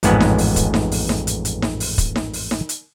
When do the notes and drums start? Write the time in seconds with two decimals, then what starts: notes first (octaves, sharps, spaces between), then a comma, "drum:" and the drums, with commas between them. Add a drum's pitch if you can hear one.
0.03 A1 F2 G#2 G#3 B3 F#5, drum: hi-hat
0.21 drum: snare D#4
0.38 drum: open hi-hat
0.56 drum: kick, hi-hat
0.74 drum: snare D#4
0.92 drum: open hi-hat
1.09 drum: snare D#4
1.27 drum: hi-hat
1.45 drum: hi-hat
1.62 drum: snare D#4
1.80 drum: open hi-hat
1.98 drum: kick, hi-hat
2.16 drum: snare D#4
2.33 drum: open hi-hat
2.51 drum: snare D#4
2.69 drum: hi-hat